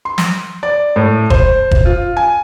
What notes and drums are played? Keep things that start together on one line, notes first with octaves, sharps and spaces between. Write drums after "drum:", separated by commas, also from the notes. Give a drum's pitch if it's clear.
C6
drum: snare
D5
A2
C5, drum: kick
drum: kick
F4
G#5